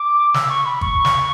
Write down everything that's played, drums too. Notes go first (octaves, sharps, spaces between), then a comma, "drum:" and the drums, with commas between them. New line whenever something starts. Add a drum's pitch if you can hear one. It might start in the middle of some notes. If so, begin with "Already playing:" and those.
Already playing: D6
E6, drum: snare
C#6
B5
C#6, drum: kick
drum: snare